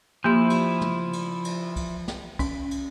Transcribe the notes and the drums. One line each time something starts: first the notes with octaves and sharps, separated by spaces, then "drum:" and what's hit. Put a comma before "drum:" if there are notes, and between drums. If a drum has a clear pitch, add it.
F3 A#3 E4 G4 C6
drum: cymbal
drum: tom
drum: cymbal
drum: cymbal
drum: kick, cymbal
drum: snare
C#4, drum: kick, cymbal
drum: cymbal